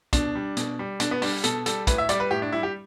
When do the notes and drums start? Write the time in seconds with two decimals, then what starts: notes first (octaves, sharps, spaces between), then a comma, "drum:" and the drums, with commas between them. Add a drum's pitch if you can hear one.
0.13 B2 D4, drum: kick, hi-hat
0.35 G3
0.57 B2, drum: hi-hat
0.79 G3
1.00 B2 D4, drum: hi-hat
1.11 B3
1.22 G3 D4, drum: open hi-hat
1.44 B2 A4, drum: hi-hat
1.66 G3 A4, drum: hi-hat
1.87 A2 B4, drum: kick, hi-hat
1.98 E5
2.09 G3 D5, drum: hi-hat
2.20 B4
2.31 A2 G4
2.42 D4
2.52 G3 E4
2.63 G4